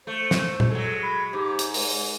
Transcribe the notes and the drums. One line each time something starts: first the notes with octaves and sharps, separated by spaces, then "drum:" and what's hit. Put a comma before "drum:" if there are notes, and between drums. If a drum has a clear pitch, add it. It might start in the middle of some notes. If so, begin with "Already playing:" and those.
A3 C5
drum: snare
drum: tom A#2
F#3 G#3 A4
B5
G#2 G4
drum: hi-hat
G#3, drum: open hi-hat